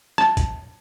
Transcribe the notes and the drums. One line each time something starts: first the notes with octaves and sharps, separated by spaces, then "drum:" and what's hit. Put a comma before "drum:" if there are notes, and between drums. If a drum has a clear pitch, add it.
A5, drum: rim click
drum: kick, hi-hat